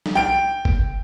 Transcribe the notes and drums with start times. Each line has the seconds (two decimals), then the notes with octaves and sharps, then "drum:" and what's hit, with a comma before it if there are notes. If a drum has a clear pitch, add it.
0.06 drum: snare
0.15 G5 D7
0.65 drum: kick